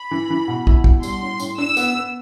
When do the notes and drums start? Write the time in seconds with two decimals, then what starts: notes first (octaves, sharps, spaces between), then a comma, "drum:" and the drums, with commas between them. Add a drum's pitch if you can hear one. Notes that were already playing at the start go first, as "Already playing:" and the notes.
Already playing: B5
0.11 E3
0.30 E3
0.48 B2
0.67 E4, drum: kick
0.84 B2, drum: kick
1.03 G3 C6, drum: tambourine
1.22 A2
1.40 A2, drum: tambourine
1.58 D4 E6
1.77 B3, drum: tambourine
1.95 B3